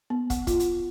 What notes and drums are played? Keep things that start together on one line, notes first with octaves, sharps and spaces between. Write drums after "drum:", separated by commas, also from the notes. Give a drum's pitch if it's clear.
B3
F#5, drum: kick, hi-hat
F4, drum: kick, hi-hat
drum: hi-hat